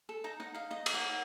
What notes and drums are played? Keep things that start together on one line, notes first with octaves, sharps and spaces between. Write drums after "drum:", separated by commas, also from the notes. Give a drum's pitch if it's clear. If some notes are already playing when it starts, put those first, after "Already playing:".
A4
D#4 A#5
D#4 F#5
D#4 F5
D#4 D#5
A#4, drum: cymbal
F#5
A#4